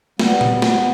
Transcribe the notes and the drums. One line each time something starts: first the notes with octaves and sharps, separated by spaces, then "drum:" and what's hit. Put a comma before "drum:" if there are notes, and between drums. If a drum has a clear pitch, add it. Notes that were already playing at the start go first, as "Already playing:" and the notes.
G3 B3, drum: snare
drum: tom A#2
drum: snare